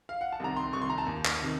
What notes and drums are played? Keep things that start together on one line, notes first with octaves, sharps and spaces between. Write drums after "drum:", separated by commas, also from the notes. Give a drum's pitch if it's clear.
F5
F#5
A5
C2 C3 D#3 A#5
C6
C2 C3 D#3 C#6
C6
A#5
A5
D#2 D#3
drum: clap
C3 D#3